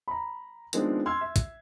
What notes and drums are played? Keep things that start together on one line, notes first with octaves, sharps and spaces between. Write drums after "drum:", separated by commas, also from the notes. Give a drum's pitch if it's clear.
A#5 B5
D#3 F3 G#3 B3 C4 D4, drum: hi-hat
C6 E6 F6 G#6
E5
drum: kick, hi-hat